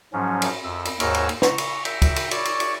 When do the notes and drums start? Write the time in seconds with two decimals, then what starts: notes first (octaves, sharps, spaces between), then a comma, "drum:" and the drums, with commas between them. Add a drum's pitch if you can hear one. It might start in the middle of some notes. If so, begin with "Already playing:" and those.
0.13 G#2 F3 F#3 C#4
0.42 drum: cymbal
0.64 F2 E6
0.85 drum: cymbal
1.00 D#2 G#2 A#4 C#5 A#5 E6, drum: cymbal
1.14 drum: cymbal
1.29 drum: cymbal
1.42 A#5 C#6, drum: snare
1.58 drum: cymbal
1.85 E5 G5 A#5 C#6, drum: cymbal
2.02 drum: kick, cymbal
2.16 drum: cymbal
2.31 C#5 D5 C#6, drum: cymbal
2.45 drum: cymbal
2.60 drum: cymbal